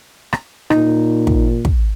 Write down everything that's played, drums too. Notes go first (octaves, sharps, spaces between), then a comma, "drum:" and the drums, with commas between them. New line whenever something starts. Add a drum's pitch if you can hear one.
drum: rim click
A#2 D#4, drum: rim click
drum: kick
drum: kick